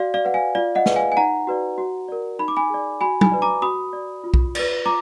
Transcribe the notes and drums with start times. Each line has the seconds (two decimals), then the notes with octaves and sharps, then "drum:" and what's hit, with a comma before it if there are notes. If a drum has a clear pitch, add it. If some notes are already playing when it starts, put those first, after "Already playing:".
Already playing: F#4 D5 F5
0.14 D5 F5
0.25 B4 D5 F#5
0.34 F5 G#5
0.55 F4 D5 F5
0.75 D#5 F#5
0.86 G#4 B4 D5, drum: snare
0.96 F5 G#5
1.12 G#5
1.17 D#4 F#5 A#5
1.47 F#4 B4 D5
1.78 F#4
2.08 A#4 D5
2.39 D#4 B5
2.48 D6
2.57 G#5 B5
2.70 G#4 D5
3.01 F#4 G#5 B5
3.21 G#5 B5, drum: tom
3.32 B4 D5
3.42 A#5 D6
3.62 F#4 B5 D#6
3.93 D5
4.24 F4
4.34 drum: kick B1
4.55 B4 D5, drum: cymbal
4.86 F4 A#5 D6